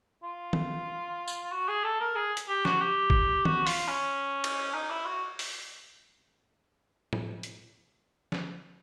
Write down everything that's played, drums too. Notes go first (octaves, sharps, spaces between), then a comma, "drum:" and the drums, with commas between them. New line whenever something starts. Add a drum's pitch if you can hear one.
F4
drum: tom
drum: tambourine
F#4
G#4
A4
A#4
G#4
drum: hi-hat
G4
F#4, drum: snare
G4
drum: kick
F#4, drum: tom
F4, drum: open hi-hat
C#4
drum: cymbal
D#4
E4
F#4
drum: open hi-hat
drum: tom A2
drum: hi-hat
drum: snare